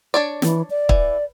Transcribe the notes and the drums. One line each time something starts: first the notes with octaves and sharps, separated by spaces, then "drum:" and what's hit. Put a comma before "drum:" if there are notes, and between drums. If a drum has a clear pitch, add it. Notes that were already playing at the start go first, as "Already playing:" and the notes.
D4 C#5 D5
E3, drum: snare
D5
E3, drum: kick